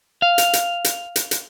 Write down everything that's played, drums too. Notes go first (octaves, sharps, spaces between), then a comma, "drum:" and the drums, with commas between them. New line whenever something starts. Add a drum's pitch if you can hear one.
F5
drum: hi-hat
drum: hi-hat
drum: hi-hat
drum: hi-hat
drum: hi-hat